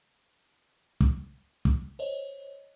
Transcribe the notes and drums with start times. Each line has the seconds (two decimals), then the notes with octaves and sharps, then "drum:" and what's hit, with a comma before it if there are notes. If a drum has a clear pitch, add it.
1.01 drum: kick
1.65 drum: kick
1.99 C5 C#5 D#5